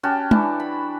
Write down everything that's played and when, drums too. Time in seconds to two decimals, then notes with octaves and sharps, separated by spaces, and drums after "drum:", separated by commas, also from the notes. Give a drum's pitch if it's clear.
0.03 C#4 F#4 G4 A5
0.31 E3 D4, drum: tom
0.60 B5